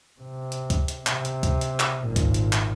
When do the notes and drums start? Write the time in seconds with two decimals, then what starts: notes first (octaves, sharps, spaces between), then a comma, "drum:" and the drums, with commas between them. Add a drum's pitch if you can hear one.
0.21 C3
0.52 drum: hi-hat
0.70 drum: kick C#2, hi-hat
0.88 drum: hi-hat
1.07 C3, drum: clap
1.25 drum: hi-hat
1.43 drum: kick C#2, hi-hat
1.61 drum: hi-hat
1.80 drum: clap
2.05 G#1 A#2
2.16 drum: kick C#2, hi-hat
2.34 drum: hi-hat
2.53 drum: clap